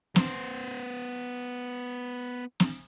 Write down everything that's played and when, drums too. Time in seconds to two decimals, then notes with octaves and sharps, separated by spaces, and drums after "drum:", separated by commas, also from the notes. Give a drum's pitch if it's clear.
0.16 B3 C5, drum: snare
2.60 drum: snare